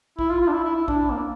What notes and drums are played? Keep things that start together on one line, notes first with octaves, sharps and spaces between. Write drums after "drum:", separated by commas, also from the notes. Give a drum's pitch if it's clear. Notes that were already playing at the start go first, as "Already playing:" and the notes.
E4, drum: kick
F4
F4
D4
E4
E4
E4
D4, drum: kick
A#3